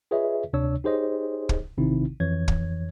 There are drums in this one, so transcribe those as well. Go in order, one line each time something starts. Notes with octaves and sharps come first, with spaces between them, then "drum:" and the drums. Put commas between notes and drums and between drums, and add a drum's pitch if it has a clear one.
F4 G#4 B4 C#5 D#5 E5
D2 C3 D4 C#5 E6
D#4 G4 G#4 C5 C#5 D#5
drum: kick
A1 C3 D#3 C4 D#4 E4
F2 E3 C#5 G#6
drum: kick